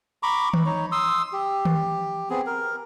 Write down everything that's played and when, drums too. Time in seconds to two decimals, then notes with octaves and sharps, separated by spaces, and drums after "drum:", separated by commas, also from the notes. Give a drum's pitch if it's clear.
0.23 A#5 B5 C#6 D6
0.54 drum: tom D#3
0.66 D#4 C#5
0.92 C6 D#6 E6
1.33 G4
1.65 drum: tom D#3
2.30 B3 C4 G#4
2.46 A#4